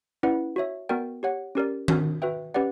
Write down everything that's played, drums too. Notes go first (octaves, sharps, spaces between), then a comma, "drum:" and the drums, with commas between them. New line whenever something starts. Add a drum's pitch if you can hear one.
C#4 E4 B4 D5 F#5
F#4 C#5 E5
B3 F#4 A#4 D5 G5
G4 C#5 F#5
C#4 G4 A#4 D5
D4 F#4 A#4, drum: tom D#3
F#4 B4 E5 G5
C#4 G4 B4 D5 F#5